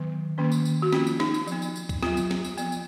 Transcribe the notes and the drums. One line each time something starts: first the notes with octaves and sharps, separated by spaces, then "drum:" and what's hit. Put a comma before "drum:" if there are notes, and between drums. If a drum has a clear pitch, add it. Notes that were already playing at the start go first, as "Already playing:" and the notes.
Already playing: D#3 F#3 B3
D#3 A#3 C#4
drum: tambourine
drum: tambourine
F#4
F3 A#3 C#4 F4, drum: snare
drum: tambourine
D#4, drum: snare
drum: tambourine
F3 B3, drum: tambourine
drum: tambourine
drum: tambourine
drum: kick, tambourine
F#3 B3 F4, drum: snare
drum: tambourine
drum: snare
drum: tambourine
F3 B3, drum: tambourine
drum: tambourine